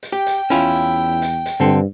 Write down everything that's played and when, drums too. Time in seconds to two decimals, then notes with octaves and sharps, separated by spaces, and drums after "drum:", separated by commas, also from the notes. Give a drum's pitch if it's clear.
0.03 drum: hi-hat
0.12 G4 G5
0.26 drum: hi-hat
0.50 E2 C#4 E4 F4, drum: hi-hat
1.22 drum: hi-hat
1.46 drum: hi-hat
1.60 G2 D3 C4 A4